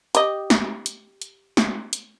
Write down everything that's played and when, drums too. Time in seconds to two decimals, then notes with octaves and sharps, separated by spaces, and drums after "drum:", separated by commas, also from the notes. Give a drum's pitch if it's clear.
0.15 G4 D#5, drum: hi-hat
0.50 drum: snare
0.86 drum: hi-hat
1.22 drum: hi-hat
1.57 drum: snare
1.93 drum: hi-hat